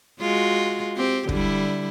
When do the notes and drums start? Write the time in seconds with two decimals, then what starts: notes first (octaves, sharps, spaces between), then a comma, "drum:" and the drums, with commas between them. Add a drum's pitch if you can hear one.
0.21 G#3 F4 F#4
0.97 C4 G4
1.29 D3 G3 E4, drum: kick